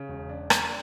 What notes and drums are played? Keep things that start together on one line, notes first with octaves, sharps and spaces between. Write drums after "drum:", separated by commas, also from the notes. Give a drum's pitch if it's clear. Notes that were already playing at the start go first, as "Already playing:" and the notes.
Already playing: C#3
E1
D4
D4, drum: rim click